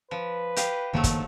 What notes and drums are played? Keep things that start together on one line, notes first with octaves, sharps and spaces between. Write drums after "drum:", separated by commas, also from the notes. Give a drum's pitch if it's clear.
F3 B4
G4 D#5 F5, drum: hi-hat
F#1 D#3 F3 F#3 A3 A#3
drum: kick, hi-hat